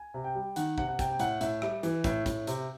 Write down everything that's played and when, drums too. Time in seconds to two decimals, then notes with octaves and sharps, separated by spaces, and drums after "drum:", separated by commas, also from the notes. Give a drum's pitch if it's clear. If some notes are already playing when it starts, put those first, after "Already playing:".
Already playing: G#5
0.14 C3
0.24 G5
0.35 G3
0.56 D#3 F#5, drum: hi-hat
0.78 C3 F#5, drum: kick
0.89 F#5
0.99 C3 G5, drum: kick, hi-hat
1.12 G5
1.19 A2 F#5, drum: hi-hat
1.41 A2 E5, drum: hi-hat
1.62 G3 E5, drum: rim click
1.83 E3, drum: hi-hat
2.04 A2, drum: kick, hi-hat
2.26 A2, drum: kick, hi-hat
2.47 C3, drum: hi-hat